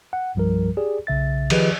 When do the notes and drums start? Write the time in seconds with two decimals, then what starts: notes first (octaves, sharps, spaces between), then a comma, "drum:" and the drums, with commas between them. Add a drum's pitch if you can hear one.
0.13 F#5
0.35 C2 G2 F3 G3 A#4
0.77 G4 G#4 D5
1.07 B1 C#3 E5 A6
1.50 D#3 F3 G4 G#4 B4 D#5, drum: cymbal